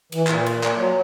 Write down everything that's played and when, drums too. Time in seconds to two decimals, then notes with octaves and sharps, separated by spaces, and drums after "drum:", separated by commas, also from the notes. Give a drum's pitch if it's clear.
0.12 E3, drum: cymbal
0.27 A#2, drum: clap
0.46 drum: cymbal
0.63 drum: clap
0.76 F#3